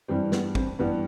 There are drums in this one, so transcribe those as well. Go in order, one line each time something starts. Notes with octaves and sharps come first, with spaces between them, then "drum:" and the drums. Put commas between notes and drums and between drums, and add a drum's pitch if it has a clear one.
G2 E3 G3 C4
B3, drum: snare
C4, drum: kick
G2 E3 G3 B3